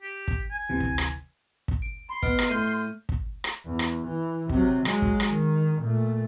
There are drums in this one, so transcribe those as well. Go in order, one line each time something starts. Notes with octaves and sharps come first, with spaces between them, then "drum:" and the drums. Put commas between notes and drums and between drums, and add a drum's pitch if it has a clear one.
G4
drum: kick
G#5
D2 C3 E3
drum: kick
drum: rim click
drum: kick
D7
B5 C6
B3 D#5 F6 D7, drum: kick
drum: rim click
A2 F6 G6 D#7
drum: kick
drum: rim click
E2
drum: rim click
E3
C3 F#3, drum: kick
F#3 G#3, drum: rim click
drum: kick
drum: rim click
D#3
A#2 A3